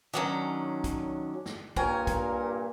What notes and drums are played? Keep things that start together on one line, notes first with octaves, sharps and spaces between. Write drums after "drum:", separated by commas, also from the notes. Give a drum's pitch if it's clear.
D#3 F#3 C#4 D4
drum: kick, hi-hat
drum: snare
G2 A#2 A#4 C#5 G5 G#5, drum: kick
drum: kick, hi-hat